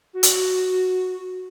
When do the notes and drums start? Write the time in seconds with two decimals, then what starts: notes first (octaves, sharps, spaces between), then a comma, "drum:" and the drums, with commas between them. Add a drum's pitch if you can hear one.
0.13 F#4
0.23 drum: hi-hat